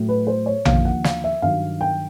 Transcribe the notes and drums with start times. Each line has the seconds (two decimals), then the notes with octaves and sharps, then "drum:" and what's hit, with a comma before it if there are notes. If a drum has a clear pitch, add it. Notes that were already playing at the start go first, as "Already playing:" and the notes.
Already playing: A2 F#3 A3
0.09 B4
0.27 C5
0.46 C#5
0.65 D#2 D3 F3 A#3 F5, drum: tom A#1
0.85 F#5
1.04 F5, drum: snare
1.24 E5
1.42 G2 D#3 F#3 F5
1.81 G5